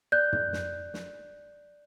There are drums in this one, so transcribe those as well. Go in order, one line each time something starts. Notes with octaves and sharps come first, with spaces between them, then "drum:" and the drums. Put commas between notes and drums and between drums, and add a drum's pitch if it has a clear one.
D5 F#6 G6
drum: tom
drum: snare
drum: snare